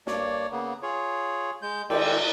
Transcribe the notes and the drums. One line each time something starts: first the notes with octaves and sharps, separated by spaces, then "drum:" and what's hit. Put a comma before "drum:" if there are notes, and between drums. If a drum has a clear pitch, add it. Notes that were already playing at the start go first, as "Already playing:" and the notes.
G2 A#3 C#5 D5, drum: snare
C#3 A#3 B3
F4 G#4 C#5
G#3 G6
D#3 G#3 A4 D5 G5, drum: cymbal